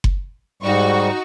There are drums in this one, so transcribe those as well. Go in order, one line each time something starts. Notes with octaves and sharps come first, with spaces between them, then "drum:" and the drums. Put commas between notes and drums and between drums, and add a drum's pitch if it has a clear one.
drum: kick F#1
G#2 G3 D#4 F#4 C#6